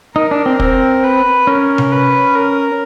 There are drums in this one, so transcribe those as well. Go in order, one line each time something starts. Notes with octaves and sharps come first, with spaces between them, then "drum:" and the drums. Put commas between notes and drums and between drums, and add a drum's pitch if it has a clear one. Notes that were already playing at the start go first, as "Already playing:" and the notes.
D#4 A#4
D4
C4
C4, drum: kick
B4
C#4 A#4
drum: tom C3
B4
A#4